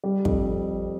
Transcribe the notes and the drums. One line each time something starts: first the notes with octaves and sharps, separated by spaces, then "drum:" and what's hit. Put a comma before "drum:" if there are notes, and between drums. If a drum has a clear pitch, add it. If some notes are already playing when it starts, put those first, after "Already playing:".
G3
F2, drum: kick